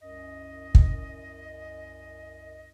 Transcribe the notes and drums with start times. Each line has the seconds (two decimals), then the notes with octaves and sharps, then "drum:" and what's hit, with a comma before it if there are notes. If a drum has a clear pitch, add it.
0.02 C2 F#2 D#5
0.75 drum: kick